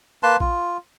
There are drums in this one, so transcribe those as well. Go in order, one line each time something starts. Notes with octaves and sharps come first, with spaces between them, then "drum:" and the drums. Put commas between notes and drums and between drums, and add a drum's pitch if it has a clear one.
A#3 B4 A5 C6
F4, drum: kick A#1